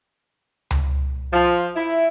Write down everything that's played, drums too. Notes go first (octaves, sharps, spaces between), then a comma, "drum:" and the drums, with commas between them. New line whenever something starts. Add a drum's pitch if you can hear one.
drum: tom C#2
F3
E4